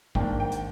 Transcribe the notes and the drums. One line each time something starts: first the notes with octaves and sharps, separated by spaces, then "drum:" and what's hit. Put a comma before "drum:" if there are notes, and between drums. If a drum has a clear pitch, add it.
G#2 D#3 A#3 D4 G5, drum: kick
G5
drum: hi-hat